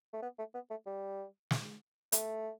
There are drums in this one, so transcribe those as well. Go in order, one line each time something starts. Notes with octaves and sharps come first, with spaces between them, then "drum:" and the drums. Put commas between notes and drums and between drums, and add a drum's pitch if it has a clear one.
A3
B3
A3
B3
A3
G3
drum: snare
A3, drum: hi-hat